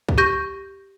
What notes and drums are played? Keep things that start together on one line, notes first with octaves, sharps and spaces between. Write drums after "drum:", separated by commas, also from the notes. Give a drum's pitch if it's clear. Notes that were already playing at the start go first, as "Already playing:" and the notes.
drum: kick
G4 C#6 G6 A#6